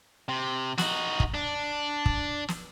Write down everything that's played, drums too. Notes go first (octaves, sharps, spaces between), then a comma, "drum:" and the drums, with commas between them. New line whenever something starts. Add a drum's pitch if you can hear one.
C3
D#4 F#4, drum: snare
drum: kick
D4
drum: kick
drum: snare